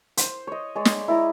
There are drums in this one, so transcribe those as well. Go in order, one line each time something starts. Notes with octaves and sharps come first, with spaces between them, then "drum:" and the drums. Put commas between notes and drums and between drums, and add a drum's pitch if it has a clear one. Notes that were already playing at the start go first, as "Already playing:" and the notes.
C5, drum: hi-hat
C#5 D#5
G#3 C#5 D5
drum: snare
E4 D5 D#5 A#5